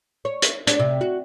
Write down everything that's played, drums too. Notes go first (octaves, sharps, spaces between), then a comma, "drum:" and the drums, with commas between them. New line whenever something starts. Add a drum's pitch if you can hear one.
C#5
drum: hi-hat
D4, drum: hi-hat
C3
F#4